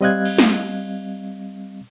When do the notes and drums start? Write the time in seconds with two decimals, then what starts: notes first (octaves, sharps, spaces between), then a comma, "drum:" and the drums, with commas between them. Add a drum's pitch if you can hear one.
0.01 G3 C4 D#5 F5 F#6 G#6
0.25 drum: cymbal
0.38 drum: snare